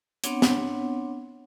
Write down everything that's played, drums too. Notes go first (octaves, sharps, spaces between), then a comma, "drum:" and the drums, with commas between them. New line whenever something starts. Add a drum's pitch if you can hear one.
B3 C4 D4 C#5 F#5, drum: hi-hat
drum: snare